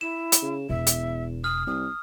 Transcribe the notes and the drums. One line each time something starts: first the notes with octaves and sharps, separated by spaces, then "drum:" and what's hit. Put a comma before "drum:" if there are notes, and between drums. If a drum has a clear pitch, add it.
E4 E7
drum: hi-hat
C#3
E1 E2 E5
drum: hi-hat
D#6 F6
C2 D#6